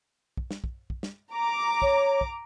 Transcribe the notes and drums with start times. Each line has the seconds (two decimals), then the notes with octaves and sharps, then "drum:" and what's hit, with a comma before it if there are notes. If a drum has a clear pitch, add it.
0.37 drum: kick
0.51 drum: snare
0.64 drum: kick
0.90 drum: kick
1.03 drum: snare
1.31 A#5 D6
1.82 C#5, drum: kick
2.21 drum: kick